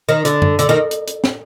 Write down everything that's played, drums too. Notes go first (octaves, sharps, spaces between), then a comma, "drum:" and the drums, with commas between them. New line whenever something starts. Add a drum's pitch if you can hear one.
D#3
D3, drum: hi-hat
drum: tom F#2
D3, drum: hi-hat
D#3
drum: hi-hat
drum: hi-hat
drum: snare